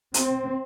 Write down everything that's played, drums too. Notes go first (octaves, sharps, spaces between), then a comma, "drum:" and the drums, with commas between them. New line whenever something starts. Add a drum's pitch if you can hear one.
C4, drum: hi-hat